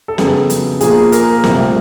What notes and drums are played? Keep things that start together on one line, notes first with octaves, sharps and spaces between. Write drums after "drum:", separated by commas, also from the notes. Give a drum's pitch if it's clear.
A4
F2 C#3 F#3 B3 G#4, drum: snare
drum: hi-hat
A#2 F3 A#3 G#4, drum: hi-hat
A#4, drum: hi-hat
C2 C3 F3 A3, drum: snare